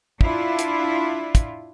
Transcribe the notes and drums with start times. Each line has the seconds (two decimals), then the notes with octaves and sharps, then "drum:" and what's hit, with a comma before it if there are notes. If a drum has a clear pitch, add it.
0.21 D4 E4 F4, drum: kick
0.59 drum: hi-hat
1.35 drum: kick, hi-hat